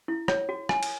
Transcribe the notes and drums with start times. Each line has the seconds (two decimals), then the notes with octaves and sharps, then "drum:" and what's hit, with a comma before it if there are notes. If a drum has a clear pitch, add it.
0.08 E4
0.28 C#5, drum: rim click
0.49 F#4
0.69 G#5, drum: rim click
0.83 drum: cymbal